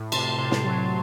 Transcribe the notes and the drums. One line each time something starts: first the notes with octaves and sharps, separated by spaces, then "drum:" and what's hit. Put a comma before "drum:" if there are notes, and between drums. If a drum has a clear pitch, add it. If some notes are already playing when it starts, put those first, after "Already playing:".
Already playing: A2
C3 A5 C6, drum: cymbal
C3
drum: snare
F#3